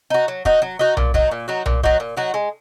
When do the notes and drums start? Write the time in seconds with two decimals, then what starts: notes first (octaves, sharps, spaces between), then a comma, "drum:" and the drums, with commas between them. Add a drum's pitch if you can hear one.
0.10 D#4 F#4
0.28 F#3
0.45 D#4 F#4, drum: kick
0.62 F#3
0.79 D#4 F#4
0.97 A#2, drum: tom B1
1.14 F#3 D#4 F#4, drum: kick
1.31 A#2
1.48 F#3 D#4 F#4
1.66 A#2, drum: tom B1
1.83 F#3 D#4 F#4, drum: kick
2.00 A#2
2.17 F#3 D#4 F#4
2.34 G#3